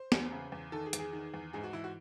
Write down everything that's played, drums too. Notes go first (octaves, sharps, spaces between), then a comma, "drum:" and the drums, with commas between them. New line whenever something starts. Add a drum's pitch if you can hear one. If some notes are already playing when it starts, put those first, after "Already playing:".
Already playing: C5
E2, drum: snare
C#3
E2
D#3 A4
G#4
E2, drum: hi-hat
G#4
D#3
E2
G#2 G#4
F#4
E3 E4
F#4